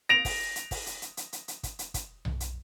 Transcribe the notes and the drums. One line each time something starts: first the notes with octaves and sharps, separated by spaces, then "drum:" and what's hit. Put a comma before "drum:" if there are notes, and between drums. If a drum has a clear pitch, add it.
A#6 D7 F7
drum: kick, open hi-hat
drum: hi-hat
drum: kick, open hi-hat
drum: hi-hat
drum: hi-hat
drum: hi-hat
drum: hi-hat
drum: hi-hat
drum: kick, hi-hat
drum: hi-hat
drum: kick, hi-hat
drum: tom B1
drum: hi-hat